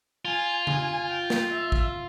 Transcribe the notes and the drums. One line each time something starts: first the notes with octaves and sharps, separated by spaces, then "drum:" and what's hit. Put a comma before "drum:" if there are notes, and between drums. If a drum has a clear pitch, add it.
F4 G#5
G#5, drum: tom C#3
G5
drum: snare
E5
drum: kick